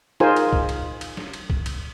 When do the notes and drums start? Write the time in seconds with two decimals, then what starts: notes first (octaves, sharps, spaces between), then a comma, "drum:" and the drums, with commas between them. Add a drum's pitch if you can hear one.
0.20 D#4 F4 G#4 A#4 C5 G#5, drum: snare
0.36 drum: cymbal
0.53 drum: kick
0.69 drum: cymbal
1.01 drum: cymbal
1.17 drum: snare
1.33 drum: cymbal
1.50 drum: kick
1.66 drum: cymbal